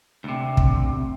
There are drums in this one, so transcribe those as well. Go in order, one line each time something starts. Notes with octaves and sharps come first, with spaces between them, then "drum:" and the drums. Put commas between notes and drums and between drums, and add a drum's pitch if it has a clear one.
D2 C3
drum: kick